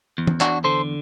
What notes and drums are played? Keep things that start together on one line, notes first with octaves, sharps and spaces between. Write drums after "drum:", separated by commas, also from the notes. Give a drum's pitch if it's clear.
E2
drum: tom
D4 F#4, drum: clap
D3 A4 C5